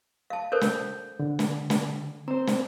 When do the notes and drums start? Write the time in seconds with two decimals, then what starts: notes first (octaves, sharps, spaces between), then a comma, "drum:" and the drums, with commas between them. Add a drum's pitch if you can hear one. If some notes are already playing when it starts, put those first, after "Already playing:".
0.30 F5 A5
0.52 A4 A#4 C5 G6
0.61 drum: snare
1.19 D3
1.39 drum: snare
1.70 drum: snare
2.28 C4 C5 A#5
2.47 drum: snare